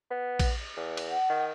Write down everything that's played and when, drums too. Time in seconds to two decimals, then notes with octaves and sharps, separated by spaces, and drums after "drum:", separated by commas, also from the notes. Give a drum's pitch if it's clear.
0.11 B3
0.39 drum: kick A#1, cymbal
0.77 E2
0.97 drum: cymbal
1.09 F#5
1.30 D#3